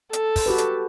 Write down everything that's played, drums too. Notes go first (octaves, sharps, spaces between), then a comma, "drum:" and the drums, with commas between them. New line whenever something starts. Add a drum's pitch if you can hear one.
A4, drum: hi-hat
drum: kick, open hi-hat
F#4 G4 B4
drum: hi-hat